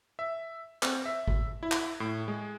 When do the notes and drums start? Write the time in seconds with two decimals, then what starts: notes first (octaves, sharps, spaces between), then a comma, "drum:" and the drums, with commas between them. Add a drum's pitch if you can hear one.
0.19 E5
0.83 C4, drum: clap
1.05 E5
1.28 drum: kick G#1
1.63 E4
1.72 drum: clap
2.00 A2
2.28 G#3